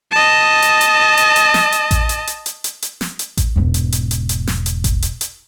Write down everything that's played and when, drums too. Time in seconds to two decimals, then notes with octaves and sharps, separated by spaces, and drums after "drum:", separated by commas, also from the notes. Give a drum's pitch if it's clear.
0.11 D#5 A5
0.62 drum: hi-hat
0.81 drum: hi-hat
1.17 drum: hi-hat
1.36 drum: hi-hat
1.54 drum: snare
1.72 drum: hi-hat
1.91 drum: kick A1, hi-hat
2.09 drum: hi-hat
2.27 drum: hi-hat
2.46 drum: hi-hat
2.64 drum: hi-hat
2.82 drum: hi-hat
3.01 drum: snare
3.19 drum: hi-hat
3.37 drum: kick A1, hi-hat
3.56 E1 G#2
3.74 drum: hi-hat
3.92 drum: hi-hat
4.11 drum: hi-hat
4.29 drum: hi-hat
4.47 drum: snare
4.66 drum: hi-hat
4.84 drum: kick A1, hi-hat
5.02 drum: hi-hat
5.21 drum: hi-hat